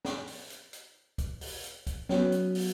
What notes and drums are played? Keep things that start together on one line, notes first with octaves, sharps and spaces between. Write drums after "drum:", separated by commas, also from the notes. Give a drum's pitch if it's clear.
drum: snare
drum: open hi-hat
drum: hi-hat
drum: hi-hat
drum: kick, hi-hat
drum: open hi-hat
drum: hi-hat
drum: kick, hi-hat
F#3 B3 C#4 F#4, drum: snare
drum: hi-hat
drum: open hi-hat